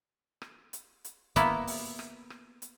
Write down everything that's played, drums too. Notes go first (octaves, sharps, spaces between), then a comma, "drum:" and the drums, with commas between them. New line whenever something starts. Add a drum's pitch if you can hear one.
drum: rim click
drum: hi-hat
drum: hi-hat
A#3 B3 E4, drum: kick, hi-hat
drum: open hi-hat
drum: rim click
drum: rim click
drum: hi-hat